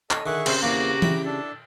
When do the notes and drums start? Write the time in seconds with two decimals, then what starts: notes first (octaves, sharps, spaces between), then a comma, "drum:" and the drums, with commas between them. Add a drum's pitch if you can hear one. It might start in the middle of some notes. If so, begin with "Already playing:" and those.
0.11 A4 C#5 D#5, drum: clap
0.26 D3 D#3 G#4 E5 F#5 C#6
0.46 C#3 C4 G4 A#4 C5, drum: cymbal
0.62 E2 A#3 F#4 A#5 D6
1.02 E4 G5, drum: tom E3
1.25 D4 A4